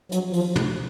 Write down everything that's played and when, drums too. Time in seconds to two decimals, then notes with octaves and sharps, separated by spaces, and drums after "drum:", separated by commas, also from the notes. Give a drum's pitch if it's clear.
0.12 F#3, drum: hi-hat
0.33 F3, drum: open hi-hat
0.56 A2, drum: tom